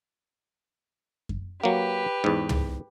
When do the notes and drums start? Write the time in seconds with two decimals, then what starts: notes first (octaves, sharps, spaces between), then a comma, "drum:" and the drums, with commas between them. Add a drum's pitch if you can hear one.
1.29 drum: kick F#2
1.64 F#3 A#3 G4 B4
2.24 E2 G#2
2.49 drum: tom